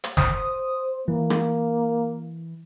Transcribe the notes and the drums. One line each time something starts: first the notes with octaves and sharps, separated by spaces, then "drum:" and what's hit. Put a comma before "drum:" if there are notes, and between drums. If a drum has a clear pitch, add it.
drum: hi-hat
C5 D#6, drum: snare
E3 A#3
drum: rim click